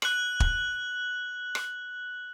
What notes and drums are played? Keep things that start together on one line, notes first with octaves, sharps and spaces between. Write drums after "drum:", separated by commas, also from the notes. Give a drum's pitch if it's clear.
F#6 F#7, drum: rim click
drum: kick
drum: rim click